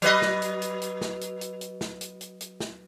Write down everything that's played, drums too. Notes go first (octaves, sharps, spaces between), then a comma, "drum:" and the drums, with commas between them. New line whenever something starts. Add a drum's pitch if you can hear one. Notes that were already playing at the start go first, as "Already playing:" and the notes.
F#3 B4 D#5, drum: hi-hat
drum: snare
drum: hi-hat
drum: hi-hat
drum: hi-hat
drum: snare
drum: hi-hat
drum: hi-hat
drum: hi-hat
drum: snare
drum: hi-hat
drum: hi-hat
drum: hi-hat
drum: snare